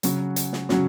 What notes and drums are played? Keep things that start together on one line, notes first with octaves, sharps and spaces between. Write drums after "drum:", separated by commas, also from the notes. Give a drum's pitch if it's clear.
C#3 F#3 C#4 F#4, drum: hi-hat
drum: hi-hat
drum: snare
C#3 F#3 C#4 F#4, drum: snare